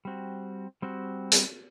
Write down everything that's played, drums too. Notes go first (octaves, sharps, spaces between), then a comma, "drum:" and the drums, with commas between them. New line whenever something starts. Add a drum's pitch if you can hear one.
G3 C4 F#4
G3 C4 F#4
drum: hi-hat